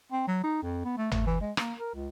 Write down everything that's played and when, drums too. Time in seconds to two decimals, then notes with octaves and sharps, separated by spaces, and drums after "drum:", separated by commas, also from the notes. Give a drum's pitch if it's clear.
0.12 C4
0.27 F#3
0.44 D#4
0.63 F2
0.85 B3
0.97 A3
1.11 A3, drum: tom
1.26 E3
1.41 G#3
1.57 A#3, drum: rim click
1.78 A#4
1.95 C#2